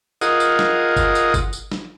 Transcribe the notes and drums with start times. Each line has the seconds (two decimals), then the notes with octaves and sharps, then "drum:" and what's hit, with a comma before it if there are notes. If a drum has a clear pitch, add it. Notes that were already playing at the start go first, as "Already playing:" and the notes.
0.21 F4 G#4 A#4 D#5 F#5, drum: tambourine
0.40 drum: tambourine
0.59 drum: snare
0.96 drum: kick G1, tambourine
1.15 drum: tambourine
1.34 drum: kick G1, tambourine
1.53 drum: tambourine
1.72 drum: snare